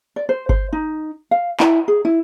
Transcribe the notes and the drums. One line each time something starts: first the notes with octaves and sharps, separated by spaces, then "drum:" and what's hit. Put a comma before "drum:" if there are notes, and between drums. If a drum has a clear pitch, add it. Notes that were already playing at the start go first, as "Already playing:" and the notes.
D5
C5
C5, drum: kick G1
D#4
F5
E4, drum: clap
G#4
E4